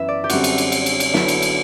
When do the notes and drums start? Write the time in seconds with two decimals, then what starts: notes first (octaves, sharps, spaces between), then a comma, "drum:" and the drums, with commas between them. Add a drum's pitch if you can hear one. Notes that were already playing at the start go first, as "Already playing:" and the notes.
Already playing: F#2 E3 B3 E5
0.08 D5
0.24 G4
0.30 F#2 D3 G3 C4 F#4, drum: cymbal
0.44 drum: cymbal
0.58 drum: cymbal
0.72 drum: cymbal
0.86 drum: cymbal
1.00 drum: cymbal
1.14 D3 F#3 B3 E4, drum: snare
1.28 drum: cymbal
1.42 drum: cymbal